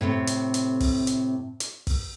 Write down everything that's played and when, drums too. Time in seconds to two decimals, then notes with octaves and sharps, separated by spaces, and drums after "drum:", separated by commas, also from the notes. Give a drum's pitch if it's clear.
0.01 A2 C3 C4
0.27 drum: hi-hat
0.54 drum: hi-hat
0.80 drum: kick, open hi-hat
1.07 drum: hi-hat
1.60 drum: hi-hat
1.87 drum: kick, open hi-hat